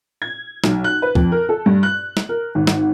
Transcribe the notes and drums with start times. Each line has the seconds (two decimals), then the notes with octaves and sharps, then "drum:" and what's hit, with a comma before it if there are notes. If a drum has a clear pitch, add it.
0.22 G#6
0.64 B1, drum: snare
0.84 F#6
1.02 B4
1.15 F2, drum: kick
1.32 A#4
1.49 A4
1.66 G2
1.83 F#6
2.17 drum: snare
2.29 A#4
2.55 G#1
2.67 drum: snare